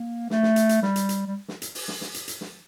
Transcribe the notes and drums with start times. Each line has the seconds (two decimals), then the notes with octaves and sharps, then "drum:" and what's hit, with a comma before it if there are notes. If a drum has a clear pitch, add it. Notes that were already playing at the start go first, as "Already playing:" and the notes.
Already playing: A#3
0.30 A3, drum: snare
0.43 drum: snare
0.56 drum: hi-hat
0.69 drum: hi-hat
0.82 G3, drum: snare
0.96 drum: hi-hat
1.09 drum: hi-hat
1.27 G3
1.48 drum: snare
1.62 drum: hi-hat
1.75 drum: open hi-hat
1.88 drum: snare
2.01 drum: snare
2.14 drum: hi-hat
2.28 drum: hi-hat
2.41 drum: snare